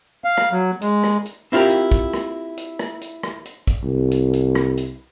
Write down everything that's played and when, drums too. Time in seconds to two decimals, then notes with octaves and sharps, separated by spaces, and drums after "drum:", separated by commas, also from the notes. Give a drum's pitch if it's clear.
0.24 F5
0.38 drum: rim click
0.52 F#3
0.82 G#3, drum: hi-hat
1.04 drum: rim click
1.26 drum: hi-hat
1.52 C4 E4 F4 G4 A#4
1.70 drum: hi-hat
1.91 drum: kick, hi-hat
2.13 drum: rim click
2.57 drum: hi-hat
2.79 drum: rim click
3.01 drum: hi-hat
3.23 drum: rim click
3.45 drum: hi-hat
3.67 drum: kick, hi-hat
3.84 C2
4.11 drum: hi-hat
4.33 drum: hi-hat
4.55 drum: rim click
4.77 drum: hi-hat